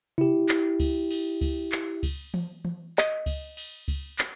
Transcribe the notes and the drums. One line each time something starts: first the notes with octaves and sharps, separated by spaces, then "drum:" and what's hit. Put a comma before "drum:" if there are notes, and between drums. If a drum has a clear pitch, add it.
E4 G4, drum: tom C3
drum: clap
drum: kick C#2, cymbal
drum: cymbal
drum: kick C#2, cymbal
drum: clap
drum: kick C#2, cymbal
drum: tom E3
drum: tom E3
D#5, drum: clap
drum: kick C#2, cymbal
drum: cymbal
drum: kick C#2, cymbal
drum: clap